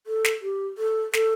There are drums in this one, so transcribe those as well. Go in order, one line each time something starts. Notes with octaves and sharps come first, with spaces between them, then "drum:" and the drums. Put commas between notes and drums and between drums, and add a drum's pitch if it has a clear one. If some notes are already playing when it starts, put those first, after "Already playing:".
A4
drum: snare
G4
A4
A4, drum: snare